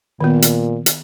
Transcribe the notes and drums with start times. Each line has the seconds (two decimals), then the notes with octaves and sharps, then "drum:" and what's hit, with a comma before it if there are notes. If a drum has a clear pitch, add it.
0.21 A#2 D#3 B3
0.42 drum: hi-hat
0.86 drum: hi-hat